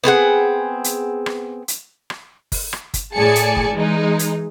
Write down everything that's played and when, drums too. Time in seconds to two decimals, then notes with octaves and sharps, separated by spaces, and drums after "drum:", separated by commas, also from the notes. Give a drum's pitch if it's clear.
0.04 B3 C4 G#4 F#5
0.84 drum: hi-hat
1.26 drum: rim click
1.68 drum: hi-hat
2.10 drum: rim click
2.52 drum: kick G1, open hi-hat
2.73 drum: rim click
2.94 drum: kick G1, hi-hat
3.15 A2 G#4 D5 G#5 A5 C#7
3.35 drum: hi-hat
3.56 drum: kick G1
3.73 E3 G#3 D#4
4.19 drum: hi-hat